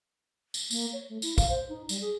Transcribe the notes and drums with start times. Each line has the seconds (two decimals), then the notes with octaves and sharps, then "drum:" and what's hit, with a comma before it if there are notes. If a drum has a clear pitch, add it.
0.54 drum: tambourine
0.71 A#3, drum: tambourine
0.93 C#5
1.09 A3
1.22 E4, drum: tambourine
1.38 F5, drum: kick A1, tambourine
1.50 C5
1.69 D#4
1.89 G3, drum: tambourine
2.01 G#4